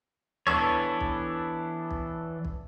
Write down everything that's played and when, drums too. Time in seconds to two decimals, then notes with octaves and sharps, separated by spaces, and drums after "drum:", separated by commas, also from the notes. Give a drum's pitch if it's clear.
0.47 E3 B3 D4 A4 C#5, drum: tom D2
1.01 drum: kick
1.91 drum: kick
2.45 drum: kick